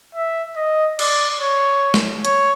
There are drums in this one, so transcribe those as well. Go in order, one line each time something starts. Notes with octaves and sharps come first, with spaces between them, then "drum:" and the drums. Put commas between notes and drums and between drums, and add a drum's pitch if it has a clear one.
E5
D#5
D5, drum: cymbal
C#5
drum: snare
C#5, drum: hi-hat